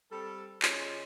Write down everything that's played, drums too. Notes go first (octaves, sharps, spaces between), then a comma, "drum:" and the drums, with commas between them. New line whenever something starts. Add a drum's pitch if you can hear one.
G3 C4 A4
C#3 C#4 F4 C#5 D#5, drum: clap